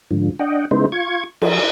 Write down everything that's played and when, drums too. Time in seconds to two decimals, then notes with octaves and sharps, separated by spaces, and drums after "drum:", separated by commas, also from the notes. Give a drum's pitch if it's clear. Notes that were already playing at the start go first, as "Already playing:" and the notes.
0.11 G#2 D3 F3
0.39 D4 D#5 F#5 G5
0.71 C#3 G#3 B3 D#4 E4 C5
0.92 F4 C#6 G#6
1.42 F3 G#4 A4, drum: cymbal